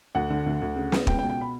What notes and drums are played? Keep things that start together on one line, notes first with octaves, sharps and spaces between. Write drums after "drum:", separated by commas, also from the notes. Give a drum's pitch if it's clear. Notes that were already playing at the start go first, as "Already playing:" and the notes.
D2 F#5
D3
D2
D2
C#3
B3, drum: snare
C#2 G5, drum: kick
G5
B2
G5
B5